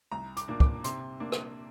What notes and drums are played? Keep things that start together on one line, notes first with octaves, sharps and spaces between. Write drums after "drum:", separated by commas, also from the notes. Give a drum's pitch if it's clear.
C2 A#5
D6, drum: hi-hat
A#2 A#3 D4
D6, drum: kick
C3 C6, drum: hi-hat
A#3 D4
drum: rim click